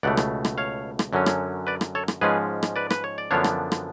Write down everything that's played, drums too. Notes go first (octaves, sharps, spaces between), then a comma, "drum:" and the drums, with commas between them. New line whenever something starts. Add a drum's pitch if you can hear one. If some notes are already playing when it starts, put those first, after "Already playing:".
C#2 B2 A3 D5 F#5
drum: rim click
drum: rim click
C#5 F5
drum: rim click
F#2 D3 F#3 C#4
drum: rim click
B4 D5
drum: rim click
A4 C#5
drum: rim click
G#2 F3 G#3 C#4 G#4 B4
drum: rim click
B4 D5
B4, drum: rim click
C#5
D5
F#2 D3 F3 B3 D4 C#5 F5
drum: rim click
drum: rim click